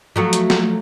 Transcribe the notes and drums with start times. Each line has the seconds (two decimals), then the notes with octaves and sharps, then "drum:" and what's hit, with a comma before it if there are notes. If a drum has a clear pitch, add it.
0.16 F3 F#3 A3
0.33 drum: hi-hat
0.50 drum: snare